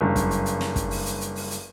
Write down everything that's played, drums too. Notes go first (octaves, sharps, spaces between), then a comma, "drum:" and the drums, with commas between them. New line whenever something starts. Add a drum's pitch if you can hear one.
F#1 G2
drum: kick, hi-hat
drum: hi-hat
drum: hi-hat
drum: snare
drum: kick, hi-hat
drum: open hi-hat
drum: hi-hat
drum: hi-hat
drum: open hi-hat
drum: hi-hat